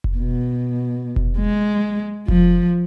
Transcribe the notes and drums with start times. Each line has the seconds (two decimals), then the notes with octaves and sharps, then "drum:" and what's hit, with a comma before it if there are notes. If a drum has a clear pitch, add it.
0.04 drum: kick F1
0.18 B2
1.16 drum: kick F1
1.38 G#3
2.28 F3, drum: kick F1